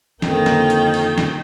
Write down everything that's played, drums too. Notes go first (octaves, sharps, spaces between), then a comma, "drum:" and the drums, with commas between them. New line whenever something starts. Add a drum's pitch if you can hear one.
F2 D3 D#3 A#3 G5, drum: snare
drum: snare
drum: hi-hat
drum: open hi-hat
drum: snare